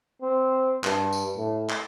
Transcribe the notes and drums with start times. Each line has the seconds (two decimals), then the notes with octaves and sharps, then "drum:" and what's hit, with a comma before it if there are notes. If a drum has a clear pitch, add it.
0.22 C4
0.84 G2, drum: clap
1.13 drum: tambourine
1.37 A2
1.70 drum: clap